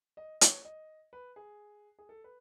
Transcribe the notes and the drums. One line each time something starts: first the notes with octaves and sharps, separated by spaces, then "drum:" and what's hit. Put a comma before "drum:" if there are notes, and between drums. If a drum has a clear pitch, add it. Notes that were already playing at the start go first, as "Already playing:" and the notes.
D#5
C#5, drum: hi-hat
D#5
B4
G#4
G#4
A4
B4